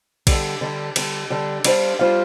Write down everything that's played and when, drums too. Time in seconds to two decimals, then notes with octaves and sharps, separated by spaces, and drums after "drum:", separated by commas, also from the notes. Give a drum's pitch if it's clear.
0.27 D3 G3 D4, drum: kick A#1, cymbal
0.61 D3 G3 D4
0.96 D3 G3 D4, drum: cymbal
1.30 D3 G3 D4
1.64 G3 D4 F4 C5 F5, drum: cymbal
1.99 G3 D4 F4 C5 F5